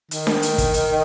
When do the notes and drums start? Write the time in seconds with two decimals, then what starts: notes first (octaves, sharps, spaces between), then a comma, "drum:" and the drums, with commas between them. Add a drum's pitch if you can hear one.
0.11 D#3, drum: hi-hat
0.27 drum: snare D4
0.42 drum: hi-hat
0.58 drum: kick, hi-hat
0.74 drum: hi-hat